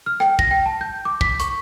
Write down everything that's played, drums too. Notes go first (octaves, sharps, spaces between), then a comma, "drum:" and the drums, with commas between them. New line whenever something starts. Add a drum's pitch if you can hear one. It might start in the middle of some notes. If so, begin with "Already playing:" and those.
F6
G5, drum: rim click
A#6, drum: kick
G5
A5
G6
D6
B6, drum: kick
C#6, drum: hi-hat